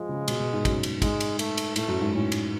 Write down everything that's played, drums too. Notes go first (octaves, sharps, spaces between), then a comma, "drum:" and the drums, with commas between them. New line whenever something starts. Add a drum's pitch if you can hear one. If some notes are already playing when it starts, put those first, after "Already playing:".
Already playing: F3 G#3
C#3
B2, drum: cymbal
B2
G#2
F#2, drum: kick, cymbal
drum: cymbal
G#2 G#3, drum: kick, cymbal
drum: cymbal
A3, drum: cymbal
drum: cymbal
A2 A3, drum: cymbal
F#2
G#2
A2 C#4
drum: cymbal